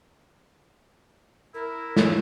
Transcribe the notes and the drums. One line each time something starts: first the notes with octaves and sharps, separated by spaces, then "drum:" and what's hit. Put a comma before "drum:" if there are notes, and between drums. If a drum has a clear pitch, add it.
E4 A#4
drum: snare